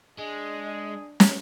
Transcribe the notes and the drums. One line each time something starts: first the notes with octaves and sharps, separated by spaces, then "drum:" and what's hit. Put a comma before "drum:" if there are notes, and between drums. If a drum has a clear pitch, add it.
G#3 D4 G#4 D#5
drum: snare